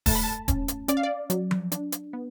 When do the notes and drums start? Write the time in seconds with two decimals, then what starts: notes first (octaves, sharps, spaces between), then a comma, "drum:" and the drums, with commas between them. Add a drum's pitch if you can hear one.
0.06 A3 A5, drum: kick D#1, open hi-hat
0.15 B5
0.24 A5
0.48 C#4, drum: kick D#1, hi-hat
0.68 drum: hi-hat
0.88 C#4 D5, drum: hi-hat
0.97 F5
1.03 D5
1.30 F#3, drum: hi-hat
1.51 drum: tom F3
1.72 D4, drum: hi-hat
1.92 drum: hi-hat
2.13 B3